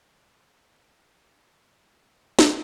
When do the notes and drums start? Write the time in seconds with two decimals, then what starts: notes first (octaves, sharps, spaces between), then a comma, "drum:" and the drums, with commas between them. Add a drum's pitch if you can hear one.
0.18 D#3 G3 C#4
2.39 drum: snare